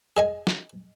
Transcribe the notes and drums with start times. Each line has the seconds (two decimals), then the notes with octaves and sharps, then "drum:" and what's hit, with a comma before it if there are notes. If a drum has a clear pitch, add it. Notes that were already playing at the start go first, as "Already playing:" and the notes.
0.17 G#4 D#5 G#5
0.47 drum: snare